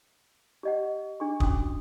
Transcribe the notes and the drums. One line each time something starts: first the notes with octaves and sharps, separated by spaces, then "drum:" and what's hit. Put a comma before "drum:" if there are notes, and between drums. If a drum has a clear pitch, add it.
G4 D#5 F#5
D4 G#4 C#6
C#4 F#4 D6 D#6, drum: kick